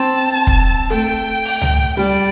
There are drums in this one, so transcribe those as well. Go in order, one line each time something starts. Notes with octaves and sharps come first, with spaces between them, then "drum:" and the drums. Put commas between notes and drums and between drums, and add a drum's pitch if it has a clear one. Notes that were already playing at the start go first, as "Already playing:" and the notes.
Already playing: C4 A5
drum: kick
A3 G5
drum: open hi-hat
drum: tom C#2
G3 D5